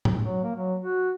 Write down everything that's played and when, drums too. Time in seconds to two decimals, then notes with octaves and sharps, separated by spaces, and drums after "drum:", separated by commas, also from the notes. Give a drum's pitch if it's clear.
0.05 drum: tom A2
0.23 F#3
0.43 A#3
0.56 F#3
0.80 F#4